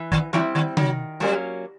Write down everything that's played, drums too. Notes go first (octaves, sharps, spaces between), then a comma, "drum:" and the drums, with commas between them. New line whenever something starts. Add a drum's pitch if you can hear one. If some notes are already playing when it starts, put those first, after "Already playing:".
Already playing: E3
D#3, drum: kick
E3 G3 C4 E4
D#3
D#3 F#3, drum: tom C3
F#3 G3 A#3 C#4